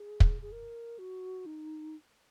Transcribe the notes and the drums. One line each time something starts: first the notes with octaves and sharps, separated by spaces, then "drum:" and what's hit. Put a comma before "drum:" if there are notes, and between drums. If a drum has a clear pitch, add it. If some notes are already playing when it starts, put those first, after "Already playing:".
Already playing: G#4
drum: kick
G#4
A#4
F#4
D#4